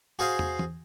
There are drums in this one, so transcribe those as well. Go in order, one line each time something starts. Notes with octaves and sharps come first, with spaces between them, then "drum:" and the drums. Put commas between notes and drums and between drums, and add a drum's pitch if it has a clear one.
F#4 G#4 C5 F5 G#5
drum: tom
drum: tom E3